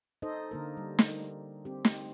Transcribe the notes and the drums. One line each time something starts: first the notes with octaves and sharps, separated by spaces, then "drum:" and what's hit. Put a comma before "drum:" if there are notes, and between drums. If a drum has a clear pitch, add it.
D#4 A4 C5 D#5
D3 A#3 A#4
G3
drum: snare
C4 G4
drum: snare